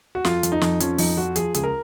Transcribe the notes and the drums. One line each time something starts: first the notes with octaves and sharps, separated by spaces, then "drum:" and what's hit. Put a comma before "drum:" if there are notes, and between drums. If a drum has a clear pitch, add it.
F#4
F2 F4, drum: snare
F2, drum: hi-hat
D#4
F2, drum: snare
F3 C#4, drum: hi-hat
F2 D#4, drum: open hi-hat
F3 F#4
F3 G#4, drum: hi-hat
C#2 G#4, drum: hi-hat
A#4